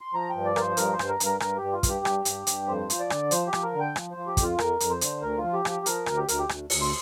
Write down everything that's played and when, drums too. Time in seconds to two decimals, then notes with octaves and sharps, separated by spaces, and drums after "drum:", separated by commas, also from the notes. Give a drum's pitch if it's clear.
0.01 C6
0.13 F3 A#5
0.30 G2 G5
0.45 D5
0.56 F3 A#4 C5, drum: rim click
0.77 G2 A#4, drum: hi-hat
0.93 C5
0.99 G2, drum: rim click
1.09 A#4
1.20 G2, drum: hi-hat
1.25 A#4
1.40 G2 A#4, drum: rim click
1.57 G2 G4
1.73 F4
1.83 G2, drum: kick, hi-hat
1.89 G4
2.05 G2, drum: rim click
2.25 G2, drum: hi-hat
2.47 G2, drum: hi-hat
2.68 F2 C5
2.90 F3, drum: hi-hat
3.00 D5
3.10 D3, drum: rim click
3.31 F3 C5, drum: hi-hat
3.47 G4
3.53 F3, drum: rim click
3.63 A#4
3.74 D3
3.80 G5
3.96 F3, drum: rim click
4.11 C5
4.17 F3
4.27 G4
4.37 F2, drum: kick, hi-hat
4.43 F4
4.59 F2 A#4, drum: rim click
4.80 F2, drum: hi-hat
4.90 C5
5.01 D3, drum: hi-hat
5.22 D2 A#4
5.38 F4
5.44 F3
5.53 G4
5.65 F3 G4, drum: rim click
5.86 F3 A#4, drum: hi-hat
6.06 D2, drum: rim click
6.17 G4
6.28 D2 A#4, drum: hi-hat
6.39 G4
6.49 D2, drum: rim click
6.70 D2, drum: open hi-hat
6.82 C6